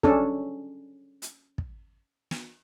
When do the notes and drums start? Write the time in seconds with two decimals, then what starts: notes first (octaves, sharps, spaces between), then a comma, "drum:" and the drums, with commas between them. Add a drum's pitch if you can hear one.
0.03 C#4 D4 A4, drum: kick
1.22 drum: hi-hat
1.58 drum: kick
2.31 drum: snare